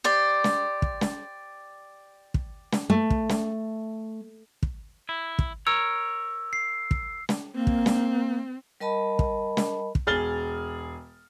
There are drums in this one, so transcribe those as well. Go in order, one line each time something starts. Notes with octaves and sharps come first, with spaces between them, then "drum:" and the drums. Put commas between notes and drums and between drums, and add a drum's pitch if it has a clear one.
G4 C5 D5
drum: snare
drum: kick
drum: snare
drum: kick
drum: snare
A3
drum: kick
drum: snare
drum: kick
E4
drum: kick
A#4 C#5 E6
C7
drum: kick
drum: snare
A#3 C4
drum: kick
drum: snare
G3 A#4 D#5 A5 B5
drum: kick
drum: snare
drum: kick
E1 G#4 F6 A6 G7